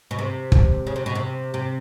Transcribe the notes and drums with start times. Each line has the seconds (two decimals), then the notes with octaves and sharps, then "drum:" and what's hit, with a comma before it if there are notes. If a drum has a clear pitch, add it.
0.11 B2
0.19 C3
0.52 drum: kick
0.87 C#3
0.96 C3
1.06 B2
1.15 C3
1.54 C3